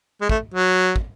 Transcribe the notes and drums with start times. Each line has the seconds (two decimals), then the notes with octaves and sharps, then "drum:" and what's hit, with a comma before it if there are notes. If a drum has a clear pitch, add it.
0.21 G#3
0.29 A3, drum: kick
0.54 F#3
0.96 drum: kick